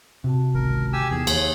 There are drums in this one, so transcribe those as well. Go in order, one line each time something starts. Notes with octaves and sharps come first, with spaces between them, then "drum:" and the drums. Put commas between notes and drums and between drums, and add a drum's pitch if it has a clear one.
C3 F#4 A5
G#1 C#2 A#4
G4 G#5 E6
E2 D#4 G#4
D#2 A#3 D#4 C#5, drum: cymbal